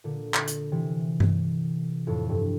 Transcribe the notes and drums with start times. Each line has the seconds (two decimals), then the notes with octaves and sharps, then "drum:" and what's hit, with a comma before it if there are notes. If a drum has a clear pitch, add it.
0.04 A#2 D3
0.34 drum: clap
0.48 drum: hi-hat
0.72 C3 E3
1.20 drum: tom G2
2.07 F2 A2
2.29 G2